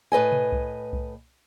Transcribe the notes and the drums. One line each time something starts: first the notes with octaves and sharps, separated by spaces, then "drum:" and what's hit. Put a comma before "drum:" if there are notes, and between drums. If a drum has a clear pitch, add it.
A2 B4 D#5 G#5
drum: tom B2
drum: kick C2
drum: kick C2